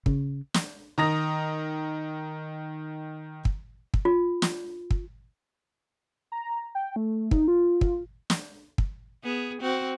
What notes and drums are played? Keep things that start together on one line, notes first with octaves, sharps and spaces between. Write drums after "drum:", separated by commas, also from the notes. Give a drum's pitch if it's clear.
C#3, drum: kick
drum: snare
D#3 A#5 D#6 A#6
drum: kick
drum: kick
F4
drum: snare
drum: kick
A#5
G5
A3
D#4, drum: kick
F4
drum: kick
drum: snare
drum: kick
B3 G#4
C4 F#4